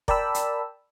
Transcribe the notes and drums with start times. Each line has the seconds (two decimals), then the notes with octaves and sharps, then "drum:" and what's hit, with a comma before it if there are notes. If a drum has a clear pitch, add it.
0.08 A#4 D5 G5 A5 B5 E6, drum: kick F1
0.34 drum: hi-hat